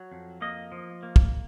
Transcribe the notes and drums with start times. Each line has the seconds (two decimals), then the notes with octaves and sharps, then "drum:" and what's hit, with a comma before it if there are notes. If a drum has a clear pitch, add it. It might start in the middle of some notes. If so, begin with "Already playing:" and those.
Already playing: F#3
0.12 F2
0.41 A#3 D#5
0.72 F3
1.03 A#3
1.16 drum: kick